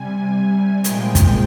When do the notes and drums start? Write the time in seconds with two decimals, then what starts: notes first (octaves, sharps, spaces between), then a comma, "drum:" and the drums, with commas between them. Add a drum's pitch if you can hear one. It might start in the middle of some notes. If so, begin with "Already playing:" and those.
Already playing: C3 G3 G#5
0.84 A#2 F3 G#3 G5, drum: hi-hat
1.15 drum: kick, hi-hat